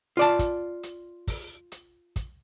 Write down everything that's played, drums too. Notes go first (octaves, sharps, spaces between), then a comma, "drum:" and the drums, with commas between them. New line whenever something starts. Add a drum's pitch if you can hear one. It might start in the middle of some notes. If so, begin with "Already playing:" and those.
F4 D5 A5
drum: kick, hi-hat
drum: hi-hat
drum: kick, open hi-hat
drum: hi-hat
drum: kick, hi-hat